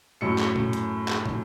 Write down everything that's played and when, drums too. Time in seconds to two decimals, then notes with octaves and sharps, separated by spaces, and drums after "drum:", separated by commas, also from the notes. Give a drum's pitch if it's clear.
0.21 F#2 A2 C#7
0.38 drum: clap
0.56 drum: tom A#2
0.73 drum: hi-hat
1.08 drum: clap
1.26 drum: tom